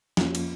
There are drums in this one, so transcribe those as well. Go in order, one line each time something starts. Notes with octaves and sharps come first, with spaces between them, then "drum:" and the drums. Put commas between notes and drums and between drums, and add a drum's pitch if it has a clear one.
F2 F3 A#3 C#4 F4, drum: snare
drum: cymbal